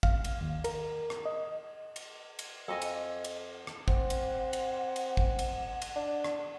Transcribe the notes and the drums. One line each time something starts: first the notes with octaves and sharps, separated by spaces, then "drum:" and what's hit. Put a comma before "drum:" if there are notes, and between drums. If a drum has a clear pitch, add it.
F5, drum: kick G#1
drum: cymbal
D#2
A#4, drum: cymbal
drum: rim click
D#5
drum: cymbal
drum: cymbal
F2 A4 D#5 G#5
drum: cymbal
drum: cymbal
drum: rim click
C4 F#5, drum: kick G#1
drum: cymbal
drum: cymbal
drum: cymbal
drum: kick G#1
drum: cymbal
drum: cymbal
D4
drum: rim click